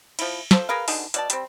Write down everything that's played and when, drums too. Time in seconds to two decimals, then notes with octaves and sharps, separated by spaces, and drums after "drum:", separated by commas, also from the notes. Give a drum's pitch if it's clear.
0.19 F3 E4, drum: cymbal
0.51 F3 A4 C5, drum: snare
0.69 G#4 A#4 B4 F5
0.88 B2 D3 D#4 G#4, drum: open hi-hat
1.14 B2 D5 A5, drum: hi-hat
1.30 G3 C4, drum: hi-hat